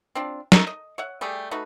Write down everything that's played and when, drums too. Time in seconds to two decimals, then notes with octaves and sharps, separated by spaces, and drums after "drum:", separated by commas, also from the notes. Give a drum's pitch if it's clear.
0.15 C4 D4 F4
0.52 A3 D#4 A#4 A#5, drum: snare
0.67 D#5
0.98 C#5 E5 F#5
1.21 G3 A3 G4 G#4
1.51 A3 D#4 F#4 B4